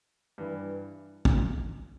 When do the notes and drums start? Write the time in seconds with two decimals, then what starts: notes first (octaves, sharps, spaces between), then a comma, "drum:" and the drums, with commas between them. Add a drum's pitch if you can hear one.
0.38 G2 E3
1.25 drum: kick